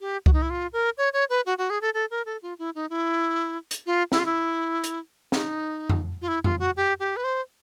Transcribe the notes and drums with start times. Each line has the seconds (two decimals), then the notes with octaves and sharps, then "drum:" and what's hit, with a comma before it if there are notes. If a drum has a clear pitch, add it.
0.01 G4
0.26 F#4, drum: kick C2
0.33 D#4
0.42 E4
0.50 F4
0.73 A#4
0.98 C#5
1.13 C#5
1.30 B4
1.46 F#4
1.58 F#4
1.70 G#4
1.81 A4
1.94 A4
2.11 A#4
2.26 A4
2.42 F4
2.59 E4
2.75 D#4
2.90 E4
3.71 drum: hi-hat
3.86 F4
4.12 E4, drum: snare
4.19 F4
4.26 E4
4.84 drum: hi-hat
5.32 D#4, drum: snare
5.90 drum: tom F2
6.22 F4
6.28 E4
6.44 F4, drum: tom F2
6.60 F#4
6.77 G4
7.00 G4
7.17 B4
7.24 C5